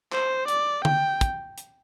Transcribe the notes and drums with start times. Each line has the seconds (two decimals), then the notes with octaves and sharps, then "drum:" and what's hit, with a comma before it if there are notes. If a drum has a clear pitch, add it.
0.12 C5, drum: clap
0.48 D5, drum: hi-hat
0.85 G5, drum: tom D3
1.21 drum: kick, hi-hat
1.58 drum: hi-hat